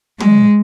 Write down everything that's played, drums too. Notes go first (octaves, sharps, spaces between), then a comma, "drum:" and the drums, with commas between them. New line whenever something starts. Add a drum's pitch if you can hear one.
G#3, drum: tom